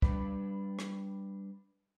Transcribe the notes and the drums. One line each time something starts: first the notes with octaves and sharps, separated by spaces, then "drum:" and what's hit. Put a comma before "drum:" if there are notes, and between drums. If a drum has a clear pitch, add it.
G3 D4 B4, drum: kick
drum: rim click